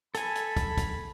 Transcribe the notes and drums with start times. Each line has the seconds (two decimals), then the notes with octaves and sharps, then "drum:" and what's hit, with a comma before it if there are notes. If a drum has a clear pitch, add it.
0.15 A4 G#5 B5, drum: hi-hat
0.36 drum: hi-hat
0.57 drum: kick, hi-hat
0.77 drum: kick, hi-hat